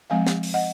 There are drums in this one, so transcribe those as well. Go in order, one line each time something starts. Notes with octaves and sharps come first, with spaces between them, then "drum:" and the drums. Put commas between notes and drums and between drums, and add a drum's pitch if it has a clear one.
F3 G#3 C4 F5 G#5
drum: snare
drum: open hi-hat
D#5 F#5